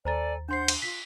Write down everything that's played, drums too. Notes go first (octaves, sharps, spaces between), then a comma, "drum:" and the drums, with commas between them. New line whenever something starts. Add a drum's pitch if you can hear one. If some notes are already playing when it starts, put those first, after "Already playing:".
D#2 A4 C5 D5 G#5 A#5 A6
D4 C5 F#5 C6 G6 C7
drum: cymbal
F4 B6